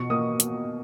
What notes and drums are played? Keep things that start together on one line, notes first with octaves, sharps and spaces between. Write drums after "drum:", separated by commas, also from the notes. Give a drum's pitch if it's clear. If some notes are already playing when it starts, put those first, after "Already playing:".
Already playing: B2 C#6
A#3 D#6
drum: hi-hat